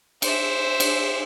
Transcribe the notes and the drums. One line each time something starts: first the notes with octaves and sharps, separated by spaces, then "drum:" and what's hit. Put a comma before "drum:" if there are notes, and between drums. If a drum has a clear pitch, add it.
C5 E5, drum: cymbal
drum: cymbal